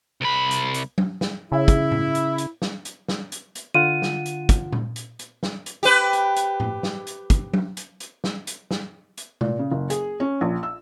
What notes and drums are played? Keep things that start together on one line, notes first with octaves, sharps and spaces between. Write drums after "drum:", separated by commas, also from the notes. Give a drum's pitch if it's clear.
C2 B5
drum: hi-hat
drum: hi-hat
drum: tom F#3
drum: snare
C#3 E4
drum: kick, hi-hat
drum: tom A2
drum: hi-hat
drum: hi-hat
drum: snare
drum: hi-hat
drum: snare
drum: hi-hat
drum: hi-hat
D3 F4 F#5 D#7
drum: snare
drum: hi-hat
drum: kick, hi-hat
drum: tom A#2
drum: hi-hat
drum: hi-hat
drum: snare
drum: hi-hat
G4 B4
drum: hi-hat
drum: hi-hat
drum: tom A2
drum: snare
drum: hi-hat
drum: kick, hi-hat
drum: tom F#3
drum: hi-hat
drum: hi-hat
drum: snare
drum: hi-hat
drum: snare
drum: hi-hat
A#2, drum: tom
C#3
F#1
G#4, drum: hi-hat
C#4
A#1
E6